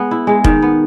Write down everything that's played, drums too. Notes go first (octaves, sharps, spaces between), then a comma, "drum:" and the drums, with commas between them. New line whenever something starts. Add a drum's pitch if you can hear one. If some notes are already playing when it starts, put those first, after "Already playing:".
Already playing: G#3 B3
E4
G#3
D#3, drum: kick F1
B3